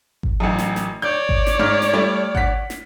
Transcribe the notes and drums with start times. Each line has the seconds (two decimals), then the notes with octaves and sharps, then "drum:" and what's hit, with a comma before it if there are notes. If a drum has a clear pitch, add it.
0.23 drum: kick G#1
0.40 A1 F#2
0.59 drum: snare
0.76 drum: snare
1.02 C#5 D5 G6
1.29 drum: kick G#1
1.47 drum: snare
1.59 G#2 F6
1.82 drum: snare
1.93 G3 A3
2.35 F#5 B6, drum: kick G#1
2.70 drum: snare